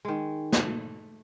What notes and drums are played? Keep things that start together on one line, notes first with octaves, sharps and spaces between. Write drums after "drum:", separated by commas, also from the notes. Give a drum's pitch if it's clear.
D#3 G#3
A3, drum: snare